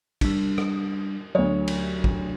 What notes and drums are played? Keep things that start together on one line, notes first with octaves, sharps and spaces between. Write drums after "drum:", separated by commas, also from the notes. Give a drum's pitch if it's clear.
G3 D4, drum: kick, cymbal
drum: rim click
D2 F#3 C#5
drum: cymbal
drum: kick